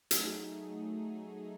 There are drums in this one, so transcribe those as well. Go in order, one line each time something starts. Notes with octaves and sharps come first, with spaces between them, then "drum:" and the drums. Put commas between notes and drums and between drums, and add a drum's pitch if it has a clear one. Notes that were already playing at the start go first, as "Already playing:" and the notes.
F#3 A3 D#4 G#4, drum: hi-hat